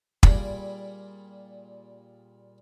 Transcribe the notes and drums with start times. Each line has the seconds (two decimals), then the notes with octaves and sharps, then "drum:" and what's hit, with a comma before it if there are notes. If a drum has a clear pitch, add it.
0.23 A#2 G3 A#3 G#4 B5 D6, drum: kick